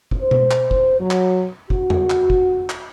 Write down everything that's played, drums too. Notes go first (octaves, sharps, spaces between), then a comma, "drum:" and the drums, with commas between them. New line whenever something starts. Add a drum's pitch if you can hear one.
drum: kick
C5
drum: tom B2
drum: clap
drum: kick
F#3
drum: clap
F#4, drum: kick
drum: tom E2
drum: clap
drum: kick
drum: clap